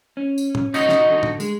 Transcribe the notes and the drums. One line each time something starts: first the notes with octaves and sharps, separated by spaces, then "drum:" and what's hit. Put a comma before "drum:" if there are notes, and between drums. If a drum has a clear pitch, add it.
C#4
drum: tambourine
drum: tom
D#4 F#4 D#5, drum: tambourine
drum: snare
D3
drum: tom
G#3, drum: tambourine